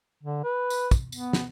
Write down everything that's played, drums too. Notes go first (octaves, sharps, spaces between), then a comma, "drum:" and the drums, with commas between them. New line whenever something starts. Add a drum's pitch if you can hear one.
D3
B4
drum: tambourine
drum: kick, tambourine
B3, drum: tambourine
drum: snare